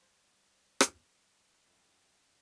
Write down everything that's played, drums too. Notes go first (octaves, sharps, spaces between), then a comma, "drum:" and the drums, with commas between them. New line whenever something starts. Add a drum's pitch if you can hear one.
G3 C5
drum: rim click
F#2 A3 C4 E4 F4 D#5